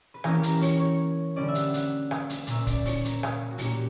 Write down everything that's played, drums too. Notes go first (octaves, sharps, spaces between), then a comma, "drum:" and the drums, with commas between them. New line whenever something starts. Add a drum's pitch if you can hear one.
B4
E3 A#3 C#4 A#4, drum: rim click
G4
A#4, drum: hi-hat
C#5, drum: open hi-hat
C#5
D3 G3 C#4 D5
E5
F#5, drum: hi-hat
F#5, drum: hi-hat
drum: rim click
drum: hi-hat
A#2 A#3 C#4 E5, drum: hi-hat
D5, drum: kick, hi-hat
C#5, drum: open hi-hat
A#4, drum: hi-hat
drum: rim click
F#4
A#2 F#3 A#3 C#4 G4, drum: open hi-hat